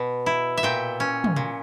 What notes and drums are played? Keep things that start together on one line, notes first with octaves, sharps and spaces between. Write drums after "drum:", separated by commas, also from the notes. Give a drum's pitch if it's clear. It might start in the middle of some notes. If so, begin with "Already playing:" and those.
Already playing: B2
E4
E5
A#2 G5
C#4
drum: tom
A#2